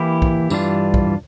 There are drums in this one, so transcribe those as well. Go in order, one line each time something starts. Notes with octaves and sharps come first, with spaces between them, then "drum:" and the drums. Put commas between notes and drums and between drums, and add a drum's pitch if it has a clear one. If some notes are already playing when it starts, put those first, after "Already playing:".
Already playing: E3 A#3 E4 G4
drum: kick
G2 E3 G3 D4 F4, drum: tambourine
drum: kick